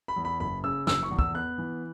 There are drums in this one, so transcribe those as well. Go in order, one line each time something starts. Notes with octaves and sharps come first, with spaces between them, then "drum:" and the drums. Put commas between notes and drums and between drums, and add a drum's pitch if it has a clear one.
B5
E2
B5
F#1 B5
C#3 E6
F#1 E6, drum: snare
C#6
E2
E6, drum: kick
B3 F#6
E3